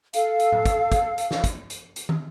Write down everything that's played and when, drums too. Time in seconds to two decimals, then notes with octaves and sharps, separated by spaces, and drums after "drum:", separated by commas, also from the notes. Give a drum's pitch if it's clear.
0.13 A4 F5, drum: hi-hat
0.39 drum: hi-hat
0.52 drum: tom A2
0.66 drum: kick, hi-hat
0.92 drum: kick, hi-hat
1.18 drum: hi-hat
1.31 drum: snare
1.44 drum: kick, hi-hat
1.70 drum: hi-hat
1.96 drum: hi-hat
2.09 drum: tom